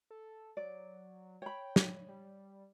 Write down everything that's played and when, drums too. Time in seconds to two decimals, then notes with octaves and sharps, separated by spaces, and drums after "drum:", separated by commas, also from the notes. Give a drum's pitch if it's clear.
0.11 A4
0.57 F#3 D5
1.42 C#5 G5 B5
1.76 drum: snare
2.08 G3